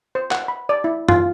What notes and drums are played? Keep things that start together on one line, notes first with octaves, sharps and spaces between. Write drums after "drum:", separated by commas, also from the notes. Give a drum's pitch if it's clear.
C5
F#5, drum: clap
B5
D5
E4
F4, drum: tom F#2